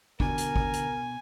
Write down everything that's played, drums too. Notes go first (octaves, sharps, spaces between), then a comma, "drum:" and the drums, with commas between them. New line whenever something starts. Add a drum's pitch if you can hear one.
B2 D3 D4 A#4 G#5, drum: kick
drum: hi-hat
drum: kick
drum: hi-hat